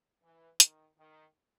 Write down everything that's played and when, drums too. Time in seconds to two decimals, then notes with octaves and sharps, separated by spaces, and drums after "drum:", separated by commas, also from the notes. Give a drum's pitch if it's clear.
0.23 E3
0.60 D#3, drum: hi-hat
0.97 D#3